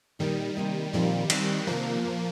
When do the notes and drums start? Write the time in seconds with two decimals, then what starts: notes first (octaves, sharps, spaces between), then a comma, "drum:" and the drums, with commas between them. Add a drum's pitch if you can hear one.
0.19 A#2 D#3 G3 A#3 D#4 G4 D#5
0.57 C3 G3 A#3 G4 D#5
0.93 A#2 D#3 F3 G3 C4 F4 A#4
1.30 D#3 C4 D#4, drum: cymbal
1.67 C3 D#3 F3 G3 A#3 D#4 A#4
2.05 A#2 F3 A#3